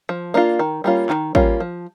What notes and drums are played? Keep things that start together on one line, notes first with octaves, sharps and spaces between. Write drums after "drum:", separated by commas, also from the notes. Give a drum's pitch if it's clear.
F3
A#3 D4 F4
D#3
G3 A#3 C#4 F4
D#3, drum: clap
G3 A#3 C#4 F4, drum: kick
F3